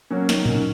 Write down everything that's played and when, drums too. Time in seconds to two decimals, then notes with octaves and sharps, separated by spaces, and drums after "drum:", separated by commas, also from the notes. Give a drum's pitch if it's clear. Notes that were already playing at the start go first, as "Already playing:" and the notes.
0.10 F#3 A#3 C#4
0.29 D#3, drum: snare
0.46 F#3 A#3 C#4, drum: tom G#2